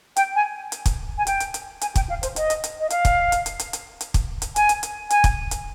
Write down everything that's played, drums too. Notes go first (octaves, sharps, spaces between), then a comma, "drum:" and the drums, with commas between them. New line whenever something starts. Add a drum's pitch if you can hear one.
G5, drum: hi-hat
G#5
drum: hi-hat
drum: kick, hi-hat
G#5
G5, drum: hi-hat
drum: hi-hat
drum: hi-hat
G#5, drum: hi-hat
G5, drum: kick, hi-hat
F5
C5, drum: hi-hat
D#5, drum: hi-hat
drum: hi-hat
drum: hi-hat
D#5
F5, drum: hi-hat
drum: kick, hi-hat
drum: hi-hat
drum: hi-hat
drum: hi-hat
drum: hi-hat
drum: hi-hat
drum: kick, hi-hat
drum: hi-hat
G#5, drum: hi-hat
drum: hi-hat
drum: hi-hat
G#5, drum: hi-hat
drum: kick, hi-hat
drum: hi-hat